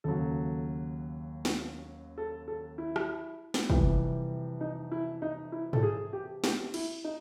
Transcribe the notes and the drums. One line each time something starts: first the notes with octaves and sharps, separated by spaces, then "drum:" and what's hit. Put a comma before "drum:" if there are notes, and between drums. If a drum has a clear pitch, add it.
D#2 C#3 F#3 A4
drum: snare
A4
A4
E4
drum: rim click
drum: snare
F2 C3 E3 G3, drum: kick
D#4
E4
D#4
E4
A4, drum: tom G#2
G#4
G4
G4, drum: snare
E4, drum: cymbal
D#4